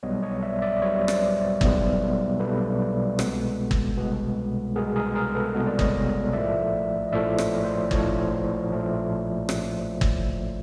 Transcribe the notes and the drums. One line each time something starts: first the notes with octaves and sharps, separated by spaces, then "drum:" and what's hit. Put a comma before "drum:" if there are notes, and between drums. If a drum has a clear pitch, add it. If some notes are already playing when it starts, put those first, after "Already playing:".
B1 B2 G3 B3 C#5 D#5
C#5 D#5
D5 E5
D5 E5
B1 B2 G3 B3 C#5 D#5
C5 D5, drum: rim click
B1 B2 G3 B3, drum: kick
B1 B2 G3 B3 A4 B4
C2 B2 G#3 B3, drum: rim click
drum: kick
C2 B2 G#3 B3
C2 B2 G#3 B3 G#4 A#4
G#4 A#4
G#4 A#4
A4 B4
C2 B2 G#3 B3 D#5
D5
C#5 D#5, drum: kick
A#1 A2 F3 A3 D5 E5
D#5
A#1 A2 F3 A3 D5 E5
C#5 D#5, drum: rim click
C5 D5
A#1 A2 F3 A3 C#5 D#5, drum: kick
A#1 A2 F3 A3
drum: rim click
drum: kick